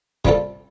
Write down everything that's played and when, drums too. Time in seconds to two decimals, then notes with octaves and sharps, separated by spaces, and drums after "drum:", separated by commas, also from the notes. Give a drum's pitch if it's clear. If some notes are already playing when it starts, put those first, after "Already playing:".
0.25 C3 G3 C4 F4 A4, drum: kick